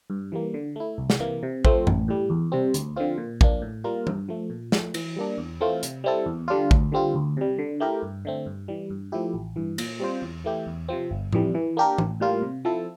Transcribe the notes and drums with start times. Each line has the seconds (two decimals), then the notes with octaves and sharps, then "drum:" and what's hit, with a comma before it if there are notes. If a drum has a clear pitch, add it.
0.10 G2
0.32 E3 G3 A#3
0.54 D3
0.76 A3 E4
0.98 C2
1.10 drum: snare
1.20 C3 E3 A#3
1.43 C3
1.65 F3 A3 C4, drum: kick A1
1.87 A1, drum: tom F#2
2.08 A2 G3
2.30 E2
2.52 C3 G3 C4
2.74 D2, drum: hi-hat
2.96 D3 F3 C4 F4
3.18 A#2
3.41 F3 A#3 D4, drum: kick A1
3.62 A2
3.84 G3 A#3 F4 A#4
4.07 G2, drum: tom
4.29 F3 A3
4.50 A#2
4.72 F3 A3, drum: snare
4.94 E3, drum: cymbal
5.16 G3 A#3 D4
5.38 E2
5.60 E3 A3 C4 F4
5.83 C3, drum: hi-hat
6.04 G3 C4 E4 A4
6.26 E2
6.48 D3 G3 D4 F4
6.71 D2, drum: kick A1
6.92 D3 G3 C4 F4
7.15 D2
7.37 C3 G3
7.59 D3
7.80 A3 E4 G4 A#4
8.03 G2
8.25 D3 A3 C4
8.46 G2
8.68 E3 G3
8.90 G2
9.12 F3 A3 E4 G4
9.34 A1
9.56 G2 E3
9.78 A#2, drum: cymbal
10.00 G3 C4 F4 C5
10.22 E2
10.44 E3 A3 E4 G4
10.67 E2
10.89 C3 F3 C4
11.11 G1
11.33 F2 E3 G3, drum: tom A2
11.55 E3
11.77 A#3 D4 G4 A#4
11.98 A1, drum: tom
12.20 A2 G3 A#3 F4
12.42 C3
12.65 F3 C4 E4 A4